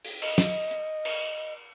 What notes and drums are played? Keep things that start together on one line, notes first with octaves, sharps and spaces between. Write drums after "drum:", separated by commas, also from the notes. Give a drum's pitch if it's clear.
drum: open hi-hat
D#5, drum: cymbal
drum: snare
drum: hi-hat
drum: cymbal